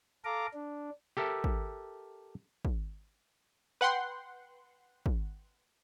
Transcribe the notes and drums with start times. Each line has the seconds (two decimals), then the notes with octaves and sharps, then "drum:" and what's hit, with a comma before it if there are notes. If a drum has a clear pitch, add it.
0.25 A4 F5 A#5 D6
0.54 D4
1.17 G4 A4 A#4 E5
1.44 drum: kick
2.65 drum: kick
3.81 B4 F#5 G5 C6
5.06 drum: kick